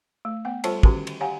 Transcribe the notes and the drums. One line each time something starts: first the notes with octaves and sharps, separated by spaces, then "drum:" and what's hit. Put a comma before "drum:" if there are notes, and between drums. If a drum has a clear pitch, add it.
A3
B3 F#5
G3 F4 A4 C5 C#5 A5, drum: cymbal
D3 D#3 C#4 F#4 G4 A#4, drum: kick
drum: cymbal
G4 C#5 F5 F#5 G#5 A#5